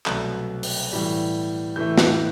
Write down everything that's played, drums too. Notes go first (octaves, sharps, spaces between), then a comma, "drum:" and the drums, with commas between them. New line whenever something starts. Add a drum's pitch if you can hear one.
C2 B2 F#3 A3 F#6, drum: clap
drum: open hi-hat
A2 E3 G3
A2 E3 A3 G6
F#6, drum: snare